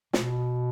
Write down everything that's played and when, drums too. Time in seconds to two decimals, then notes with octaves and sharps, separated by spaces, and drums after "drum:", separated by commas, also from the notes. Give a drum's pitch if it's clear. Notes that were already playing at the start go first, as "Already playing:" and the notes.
0.13 B2, drum: snare